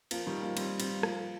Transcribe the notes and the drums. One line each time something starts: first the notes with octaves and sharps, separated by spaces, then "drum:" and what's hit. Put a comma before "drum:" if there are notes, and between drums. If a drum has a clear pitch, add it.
F3 A#3, drum: cymbal
D#3 G3
F3 A#3
G3 C4, drum: cymbal
G3 C4, drum: cymbal
F3 A#3, drum: rim click